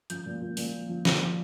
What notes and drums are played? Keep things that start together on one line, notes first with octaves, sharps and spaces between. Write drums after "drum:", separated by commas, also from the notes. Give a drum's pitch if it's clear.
F3 G6, drum: hi-hat
A#2
A#2
A#2, drum: open hi-hat
F3
F3
F3, drum: snare
F3